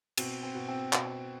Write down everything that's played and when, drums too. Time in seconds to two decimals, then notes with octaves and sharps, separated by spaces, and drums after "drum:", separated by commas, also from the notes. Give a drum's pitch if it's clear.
0.18 B2 C4, drum: cymbal
0.43 C4
0.55 B2
0.68 C4
0.93 B2, drum: clap